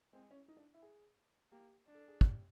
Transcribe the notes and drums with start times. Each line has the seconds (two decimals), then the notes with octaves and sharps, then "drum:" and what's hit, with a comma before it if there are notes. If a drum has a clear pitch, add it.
0.13 G#3 C4
0.31 C#4
0.48 D#4
0.57 D4
0.74 E4
0.82 G#4
1.52 A#3 G4
1.86 D4
1.94 A4
2.08 G#4
2.21 G4, drum: kick